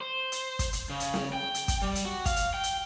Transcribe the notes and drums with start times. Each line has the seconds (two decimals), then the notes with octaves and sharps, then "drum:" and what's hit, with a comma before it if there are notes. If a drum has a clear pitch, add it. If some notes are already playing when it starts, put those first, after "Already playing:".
0.01 C5
0.32 drum: hi-hat
0.59 drum: kick, hi-hat
0.73 drum: hi-hat
0.90 C#3
1.00 drum: hi-hat
1.14 drum: snare
1.33 G5
1.55 drum: hi-hat
1.68 drum: kick, hi-hat
1.82 G3
1.95 drum: hi-hat
2.05 F#4
2.26 F5, drum: kick, hi-hat
2.36 drum: hi-hat
2.54 G5
2.64 drum: hi-hat